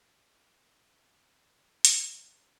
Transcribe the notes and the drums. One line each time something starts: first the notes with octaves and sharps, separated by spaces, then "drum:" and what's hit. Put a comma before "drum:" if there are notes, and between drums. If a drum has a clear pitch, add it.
G#4 A4 A#5 B5 E6
drum: hi-hat